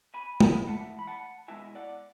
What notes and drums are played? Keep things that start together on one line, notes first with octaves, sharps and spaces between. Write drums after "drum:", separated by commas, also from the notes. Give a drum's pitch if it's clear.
G#5 B5
G#5 B5, drum: tom G#3
E3 A3 E4 F#5 A5
B5
F#5 A5
B2 G#3 B3 E4 E5 G#5
D5 F#5